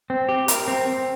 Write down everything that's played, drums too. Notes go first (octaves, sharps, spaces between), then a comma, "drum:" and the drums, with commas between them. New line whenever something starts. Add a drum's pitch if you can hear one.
C4
G4
A#4, drum: hi-hat
C4
C4